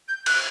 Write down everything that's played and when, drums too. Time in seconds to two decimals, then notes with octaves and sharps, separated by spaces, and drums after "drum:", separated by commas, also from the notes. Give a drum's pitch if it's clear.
0.08 G6
0.26 F#6, drum: cymbal